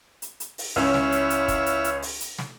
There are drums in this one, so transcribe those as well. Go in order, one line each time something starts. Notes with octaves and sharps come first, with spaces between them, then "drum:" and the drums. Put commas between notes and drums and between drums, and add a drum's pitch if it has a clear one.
drum: hi-hat
drum: hi-hat
drum: open hi-hat
C#2 C#4 E4 C#5 E5 E6 F6
drum: snare
drum: hi-hat
drum: hi-hat
drum: kick, hi-hat
drum: hi-hat
drum: hi-hat
drum: open hi-hat
drum: hi-hat
drum: snare